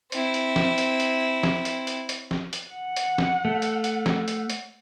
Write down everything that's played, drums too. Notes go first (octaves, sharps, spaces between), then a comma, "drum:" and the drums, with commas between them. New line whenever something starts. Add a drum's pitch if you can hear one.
C4 E4, drum: hi-hat
drum: hi-hat
drum: snare
drum: hi-hat
drum: hi-hat
drum: snare
drum: hi-hat
drum: hi-hat
drum: hi-hat
drum: snare
drum: hi-hat
F#5
drum: hi-hat
drum: snare
A3
drum: hi-hat
drum: hi-hat
drum: snare
drum: hi-hat
drum: hi-hat